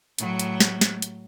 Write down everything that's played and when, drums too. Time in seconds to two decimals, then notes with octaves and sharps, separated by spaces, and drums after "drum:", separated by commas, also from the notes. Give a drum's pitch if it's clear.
0.18 A2 F#3, drum: hi-hat
0.39 drum: hi-hat
0.60 drum: snare
0.81 drum: snare
1.02 drum: hi-hat